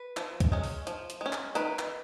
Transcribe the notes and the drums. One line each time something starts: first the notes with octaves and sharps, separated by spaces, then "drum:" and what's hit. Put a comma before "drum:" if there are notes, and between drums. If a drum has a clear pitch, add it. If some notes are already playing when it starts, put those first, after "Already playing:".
Already playing: B4
F3, drum: clap
drum: kick C#2, hi-hat
G#3 C#4
drum: open hi-hat
F3, drum: hi-hat
drum: hi-hat
G#3 C#4
drum: clap
D#3 B4, drum: hi-hat
drum: clap